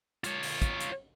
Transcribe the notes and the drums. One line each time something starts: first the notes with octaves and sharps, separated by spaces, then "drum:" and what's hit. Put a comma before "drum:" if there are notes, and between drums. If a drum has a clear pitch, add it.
F4 C#5, drum: hi-hat
drum: open hi-hat
drum: kick, hi-hat
drum: hi-hat